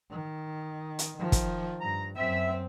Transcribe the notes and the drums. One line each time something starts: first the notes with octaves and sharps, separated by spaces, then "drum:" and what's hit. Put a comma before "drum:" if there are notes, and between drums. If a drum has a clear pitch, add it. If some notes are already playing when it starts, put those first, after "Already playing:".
D#3
drum: hi-hat
D#3 F3
drum: kick, hi-hat
G2 A#5
F#2 C4 E5